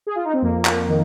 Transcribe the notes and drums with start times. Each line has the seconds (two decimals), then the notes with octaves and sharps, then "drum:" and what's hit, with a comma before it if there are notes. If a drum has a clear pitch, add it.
0.07 G#4
0.15 F4
0.25 D#4
0.33 C4
0.42 F2 A#3
0.65 drum: clap
0.88 D#3